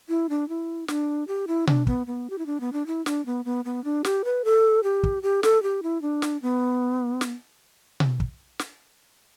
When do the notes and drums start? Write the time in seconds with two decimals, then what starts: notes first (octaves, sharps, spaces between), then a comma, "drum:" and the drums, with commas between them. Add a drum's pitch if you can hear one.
0.09 E4
0.29 D4
0.49 E4
0.88 D4, drum: snare
1.28 G4
1.48 E4
1.67 D4, drum: tom B2
1.87 B3, drum: kick
2.07 B3
2.30 G4
2.38 E4
2.46 D4
2.60 B3
2.73 D4
2.87 E4
3.06 D4, drum: snare
3.26 B3
3.45 B3
3.65 B3
3.84 D4
4.05 G4, drum: snare
4.25 B4
4.45 A4
4.83 G4
5.03 drum: kick
5.23 G4
5.43 A4, drum: snare
5.63 G4
5.83 E4
6.02 D4
6.22 drum: snare
6.42 B3
7.21 drum: snare
8.00 drum: tom B2
8.20 drum: kick
8.59 drum: snare